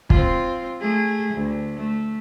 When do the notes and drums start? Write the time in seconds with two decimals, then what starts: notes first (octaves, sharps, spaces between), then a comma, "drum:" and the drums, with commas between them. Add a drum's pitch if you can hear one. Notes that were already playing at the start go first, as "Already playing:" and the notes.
0.10 C4 F4, drum: kick
0.81 A3 G#4
1.34 D2
1.77 A3